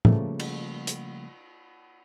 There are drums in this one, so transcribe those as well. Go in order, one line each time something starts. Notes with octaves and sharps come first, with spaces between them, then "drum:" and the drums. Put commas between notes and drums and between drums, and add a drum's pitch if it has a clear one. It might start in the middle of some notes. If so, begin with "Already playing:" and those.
C#3 F3 G3 A3 A#3, drum: tom
drum: cymbal
drum: hi-hat